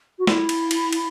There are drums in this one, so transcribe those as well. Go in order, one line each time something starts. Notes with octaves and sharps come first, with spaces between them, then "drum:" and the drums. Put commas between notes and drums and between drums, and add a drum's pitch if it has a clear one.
F#4
E4, drum: snare
drum: cymbal
drum: cymbal
drum: cymbal